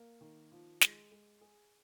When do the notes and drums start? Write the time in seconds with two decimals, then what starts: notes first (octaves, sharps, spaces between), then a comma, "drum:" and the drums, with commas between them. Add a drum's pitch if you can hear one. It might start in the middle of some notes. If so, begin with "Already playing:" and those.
Already playing: A#3
0.21 D#3
0.52 F3
0.81 G#3, drum: snare
1.11 G#3
1.41 G#4